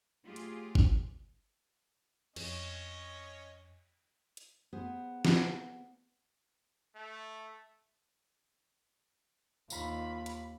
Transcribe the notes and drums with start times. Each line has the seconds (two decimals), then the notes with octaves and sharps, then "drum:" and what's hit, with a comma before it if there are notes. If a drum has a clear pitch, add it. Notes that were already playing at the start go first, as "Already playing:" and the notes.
0.24 F#3 A3 F4 G4 G#4
0.36 drum: hi-hat
0.75 drum: kick G#1
2.36 F2 C#4 C#5 D#5, drum: cymbal
4.37 drum: hi-hat
4.73 B3 G#4 C5
5.25 drum: snare
6.95 A3
9.70 D#2 F4 B5, drum: tambourine
10.26 drum: hi-hat